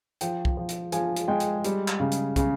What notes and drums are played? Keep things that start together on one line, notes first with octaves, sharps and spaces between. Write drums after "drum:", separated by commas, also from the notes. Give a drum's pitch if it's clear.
F3 G5, drum: hi-hat
drum: kick
F3
drum: hi-hat
F3 G#5, drum: hi-hat
drum: hi-hat
G#3 G5
drum: hi-hat
G3, drum: hi-hat
drum: clap
C#3
drum: hi-hat
C#3, drum: kick, hi-hat